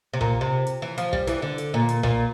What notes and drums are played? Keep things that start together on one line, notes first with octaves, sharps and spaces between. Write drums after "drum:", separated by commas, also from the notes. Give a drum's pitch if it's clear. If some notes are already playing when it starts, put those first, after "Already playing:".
C3
A#2, drum: kick
C3
drum: hi-hat
E3
F3, drum: hi-hat
G3, drum: kick
E3, drum: hi-hat
D3
drum: hi-hat
A#2
drum: hi-hat
A#2, drum: kick